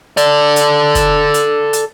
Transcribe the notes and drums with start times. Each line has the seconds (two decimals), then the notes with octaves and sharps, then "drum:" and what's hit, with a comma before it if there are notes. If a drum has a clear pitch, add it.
0.17 A4 D5, drum: hi-hat
0.56 drum: hi-hat
0.95 drum: kick, hi-hat
1.34 drum: hi-hat
1.73 drum: hi-hat